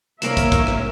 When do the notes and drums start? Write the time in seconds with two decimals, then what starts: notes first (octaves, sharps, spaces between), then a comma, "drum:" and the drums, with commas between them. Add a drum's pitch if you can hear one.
0.22 C2 A#3 A#4 C#5 E5 D7 E7, drum: hi-hat
0.37 drum: kick, hi-hat
0.52 drum: kick, hi-hat
0.67 drum: rim click